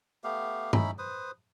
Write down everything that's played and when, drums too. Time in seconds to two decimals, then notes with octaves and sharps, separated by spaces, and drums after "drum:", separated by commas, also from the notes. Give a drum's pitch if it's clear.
0.24 A3 B3 G4 F5
0.73 C#4 D#4 E4 B5, drum: tom G2
0.98 B4 C5 D#6